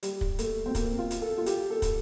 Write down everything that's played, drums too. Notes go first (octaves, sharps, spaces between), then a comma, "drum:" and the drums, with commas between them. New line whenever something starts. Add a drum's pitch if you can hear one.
G3, drum: hi-hat
drum: kick
A3, drum: hi-hat
C4
A#3, drum: kick, hi-hat
F4
drum: hi-hat
A4
F4
G4, drum: hi-hat
A4
drum: kick, hi-hat